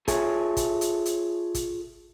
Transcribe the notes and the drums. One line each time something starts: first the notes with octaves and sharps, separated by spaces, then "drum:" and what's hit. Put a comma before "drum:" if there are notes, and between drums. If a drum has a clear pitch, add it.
F4 G#4 A4 C#5 E5 G#5, drum: kick, hi-hat
drum: kick, hi-hat
drum: hi-hat
drum: hi-hat
drum: kick, hi-hat